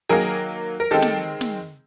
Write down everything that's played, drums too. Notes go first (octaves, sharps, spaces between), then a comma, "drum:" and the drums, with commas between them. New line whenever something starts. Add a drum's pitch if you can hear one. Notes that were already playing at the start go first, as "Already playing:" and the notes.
D#3 F#3 A#3 G#4 A#4
A#4
D#3 G#3 C4 G4 A4
drum: snare
drum: snare